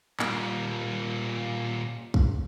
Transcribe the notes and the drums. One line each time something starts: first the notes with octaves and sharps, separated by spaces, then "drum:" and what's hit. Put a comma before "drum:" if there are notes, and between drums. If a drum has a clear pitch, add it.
A#2 G3, drum: clap
drum: kick